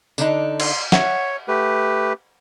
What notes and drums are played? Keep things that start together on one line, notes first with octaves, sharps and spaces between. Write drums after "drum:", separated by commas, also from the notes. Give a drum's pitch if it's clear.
D3 D4 D#4, drum: tambourine
C6, drum: cymbal
C#5 E5 F#5, drum: snare
A3 G4 B4